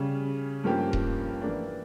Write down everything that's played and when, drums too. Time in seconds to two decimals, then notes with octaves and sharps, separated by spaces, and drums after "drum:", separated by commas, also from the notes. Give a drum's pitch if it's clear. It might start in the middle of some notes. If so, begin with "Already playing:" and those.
Already playing: C#3 G3 C#4
0.64 G2 F3 A#3 C#4 G4
0.93 drum: kick D#1
1.42 E3 A#3 D4